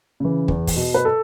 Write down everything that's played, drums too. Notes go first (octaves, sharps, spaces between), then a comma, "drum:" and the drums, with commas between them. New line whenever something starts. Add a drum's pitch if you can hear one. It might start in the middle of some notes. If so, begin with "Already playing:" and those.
C#3 E3
E2, drum: kick
drum: kick, open hi-hat
B2
B4
A4